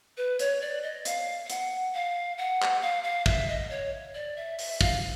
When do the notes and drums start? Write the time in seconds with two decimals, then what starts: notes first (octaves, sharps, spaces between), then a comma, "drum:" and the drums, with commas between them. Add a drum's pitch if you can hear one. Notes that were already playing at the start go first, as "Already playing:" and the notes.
0.17 B4
0.39 C#5, drum: hi-hat
0.61 D5
0.83 D#5
1.05 F5, drum: hi-hat
1.45 F5
1.50 F#5, drum: hi-hat
1.94 F5
2.38 F#5
2.62 drum: clap
2.82 F5
3.04 F5
3.26 E5, drum: kick
3.48 D#5
3.70 C#5
4.14 D5
4.36 E5
4.59 E5, drum: open hi-hat
4.81 F5, drum: kick